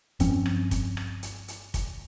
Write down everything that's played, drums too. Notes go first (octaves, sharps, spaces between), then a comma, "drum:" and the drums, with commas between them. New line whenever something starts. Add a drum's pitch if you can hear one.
G2 F3 C4 C#4, drum: kick, hi-hat
drum: rim click
drum: kick, hi-hat
drum: rim click
drum: hi-hat
drum: hi-hat
drum: kick, hi-hat